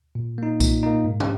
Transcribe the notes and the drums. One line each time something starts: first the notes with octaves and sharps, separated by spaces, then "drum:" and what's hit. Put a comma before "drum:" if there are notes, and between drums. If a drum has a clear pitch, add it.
A#2
A#3 D#4
A#2, drum: kick B1, tambourine
A#3 D#4
G#2
drum: tom